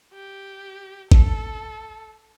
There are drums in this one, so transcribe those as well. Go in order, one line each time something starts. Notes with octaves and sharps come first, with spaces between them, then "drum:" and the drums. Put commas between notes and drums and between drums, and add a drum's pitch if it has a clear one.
G4
A4, drum: kick